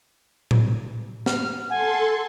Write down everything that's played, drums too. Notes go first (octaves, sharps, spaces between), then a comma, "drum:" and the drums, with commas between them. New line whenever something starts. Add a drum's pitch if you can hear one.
drum: tom A2
F6, drum: snare
A4 F#5 G#5 A5 C6